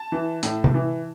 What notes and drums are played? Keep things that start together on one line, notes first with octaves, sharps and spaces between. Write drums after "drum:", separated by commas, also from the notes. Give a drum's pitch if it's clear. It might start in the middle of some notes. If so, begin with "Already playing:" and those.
Already playing: A5
E3
A2, drum: hi-hat
drum: tom C3
E3